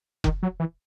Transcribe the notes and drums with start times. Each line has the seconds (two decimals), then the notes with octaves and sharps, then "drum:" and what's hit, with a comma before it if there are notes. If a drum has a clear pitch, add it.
0.24 D#3, drum: kick F1
0.43 F#3
0.60 E3